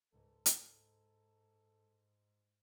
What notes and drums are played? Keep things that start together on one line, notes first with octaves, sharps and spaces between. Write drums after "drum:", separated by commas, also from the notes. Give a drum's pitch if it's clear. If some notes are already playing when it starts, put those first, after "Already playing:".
C#2 G#2 A4
G#2, drum: hi-hat